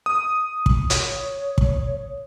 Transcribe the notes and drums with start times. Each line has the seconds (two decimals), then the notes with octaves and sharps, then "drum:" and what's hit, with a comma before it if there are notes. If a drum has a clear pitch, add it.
0.06 D#6
0.66 drum: kick
0.90 C#5, drum: hi-hat
1.58 drum: kick